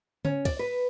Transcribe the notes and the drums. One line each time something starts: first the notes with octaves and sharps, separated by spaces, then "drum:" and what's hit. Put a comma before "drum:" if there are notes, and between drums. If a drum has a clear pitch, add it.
C#4, drum: tom C#3
D5, drum: kick, cymbal
B4